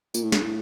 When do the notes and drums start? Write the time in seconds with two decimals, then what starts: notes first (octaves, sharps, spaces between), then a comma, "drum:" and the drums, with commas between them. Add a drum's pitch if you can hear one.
0.14 A#2, drum: tambourine
0.23 A2
0.32 G2, drum: snare
0.42 A2